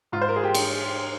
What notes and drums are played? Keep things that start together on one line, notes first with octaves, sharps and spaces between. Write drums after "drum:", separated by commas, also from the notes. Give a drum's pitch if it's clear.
G#2 F4
C5
A#4
G#4
G4
drum: cymbal